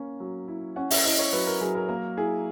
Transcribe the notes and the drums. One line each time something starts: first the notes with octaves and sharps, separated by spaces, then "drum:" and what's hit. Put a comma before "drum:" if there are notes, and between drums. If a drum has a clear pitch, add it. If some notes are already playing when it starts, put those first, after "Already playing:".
Already playing: A#3 C#4
F#3
E4
C#4 F#5
E5, drum: open hi-hat
E4 D#5
C#5
F#3 B4
A#4
F#3 G#4
A#4
A#3 A#4
E4 G#4